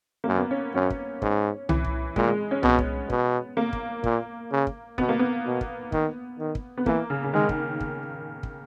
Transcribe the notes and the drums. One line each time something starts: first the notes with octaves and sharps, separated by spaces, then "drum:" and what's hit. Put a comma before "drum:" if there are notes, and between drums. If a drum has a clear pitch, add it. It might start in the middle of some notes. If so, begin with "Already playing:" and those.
F#2 A#3
B3
C#4
F#2 C#4
drum: kick
G#2, drum: kick
E3, drum: tom C2
drum: kick
A#2 G#3, drum: kick
G#3
C#4
B2 B3, drum: tom C2
drum: kick
B2, drum: kick
A#3
drum: kick
A#2, drum: kick
C#3
drum: kick
B2 B3, drum: kick
A#3
B3
B2
drum: kick
D#3, drum: kick
D#3
drum: kick
B3
E3 A#3, drum: kick
C#3
C#3
D#3 G#3
drum: kick
drum: kick
drum: kick